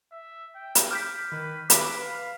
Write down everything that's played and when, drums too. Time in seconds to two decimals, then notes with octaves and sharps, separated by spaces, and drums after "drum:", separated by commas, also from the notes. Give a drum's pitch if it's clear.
0.12 E5
0.55 G5
0.75 drum: hi-hat
0.91 D6 F6 G6 B6
1.32 D#3 B4
1.70 B4 D6 B6, drum: hi-hat
2.00 F5